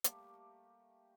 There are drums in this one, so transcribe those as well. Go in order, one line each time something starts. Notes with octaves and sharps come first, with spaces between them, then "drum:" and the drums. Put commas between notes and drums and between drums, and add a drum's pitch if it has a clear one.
G3 A3 A#3 G4, drum: hi-hat